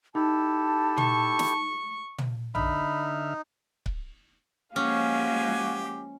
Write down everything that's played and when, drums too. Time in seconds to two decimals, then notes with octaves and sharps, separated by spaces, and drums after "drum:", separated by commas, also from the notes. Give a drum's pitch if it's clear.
0.15 D#4 E4 G4 A4 A5
0.98 C#6, drum: tom
1.39 drum: snare
2.18 drum: tom
2.55 D3 D#4 E5 B5 F6, drum: tom A#1
3.86 drum: kick C#1
4.76 F3 G#3 A#3 C#4 F#4 G4 F5 G#5